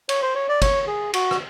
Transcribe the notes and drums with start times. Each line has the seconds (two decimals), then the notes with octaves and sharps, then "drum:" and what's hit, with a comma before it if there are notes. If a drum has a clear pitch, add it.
0.09 C#5, drum: cymbal
0.22 C5
0.35 C#5
0.49 D5
0.62 C#5, drum: kick, cymbal
0.87 G#4
1.14 F#4, drum: cymbal
1.31 drum: rim click